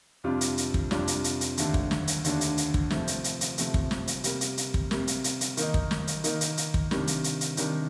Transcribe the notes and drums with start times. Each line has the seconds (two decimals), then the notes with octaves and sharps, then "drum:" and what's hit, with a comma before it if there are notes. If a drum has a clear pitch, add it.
0.24 F2 C3 G3 D4 F4
0.41 drum: hi-hat
0.58 drum: hi-hat
0.74 drum: kick
0.91 F2 C3 G3 D4 F4, drum: snare
1.08 drum: hi-hat
1.24 drum: hi-hat
1.41 drum: hi-hat
1.57 D#2 D3 A3 D4, drum: hi-hat
1.74 drum: kick
1.91 drum: snare
2.07 drum: hi-hat
2.24 D#2 D3 A3 D4, drum: hi-hat
2.41 drum: hi-hat
2.57 drum: hi-hat
2.74 drum: kick
2.90 C3 F3 A3, drum: snare
3.07 drum: hi-hat
3.24 drum: hi-hat
3.41 drum: hi-hat
3.58 C3 F3 A3, drum: hi-hat
3.74 drum: kick
3.91 drum: snare
4.07 drum: hi-hat
4.24 C3 G3 A#3, drum: hi-hat
4.41 drum: hi-hat
4.57 drum: hi-hat
4.74 drum: kick
4.91 C3 G3 A#3, drum: snare
5.07 drum: hi-hat
5.24 drum: hi-hat
5.41 drum: hi-hat
5.57 D#3 A#3 D#4, drum: hi-hat
5.74 drum: kick
5.91 drum: snare
6.07 drum: hi-hat
6.24 D#3 A#3 D#4, drum: hi-hat
6.41 drum: hi-hat
6.57 drum: hi-hat
6.74 drum: kick
6.91 C3 D#3 G3 D4, drum: snare
7.07 drum: hi-hat
7.24 drum: hi-hat
7.41 drum: hi-hat
7.57 C3 D#3 G3 D4, drum: hi-hat